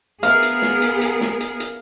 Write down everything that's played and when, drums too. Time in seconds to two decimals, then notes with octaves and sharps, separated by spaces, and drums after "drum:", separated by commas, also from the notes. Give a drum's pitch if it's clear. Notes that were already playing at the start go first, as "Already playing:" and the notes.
0.23 B3 G#4 A#4 F5, drum: hi-hat
0.43 drum: hi-hat
0.62 drum: snare
0.82 drum: hi-hat
1.01 drum: hi-hat
1.21 drum: snare
1.40 drum: hi-hat
1.60 drum: hi-hat